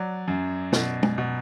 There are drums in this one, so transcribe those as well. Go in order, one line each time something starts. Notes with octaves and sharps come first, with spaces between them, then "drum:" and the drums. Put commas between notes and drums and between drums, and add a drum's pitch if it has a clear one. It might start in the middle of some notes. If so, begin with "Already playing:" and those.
Already playing: F#3 D5
F#2
B2, drum: snare
drum: tom
B2